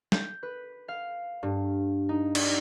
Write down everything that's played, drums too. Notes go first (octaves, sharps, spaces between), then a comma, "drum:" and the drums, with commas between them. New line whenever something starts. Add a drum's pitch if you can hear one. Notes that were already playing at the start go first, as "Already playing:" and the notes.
G6, drum: snare
B4
F5
G2
D#4
D5, drum: cymbal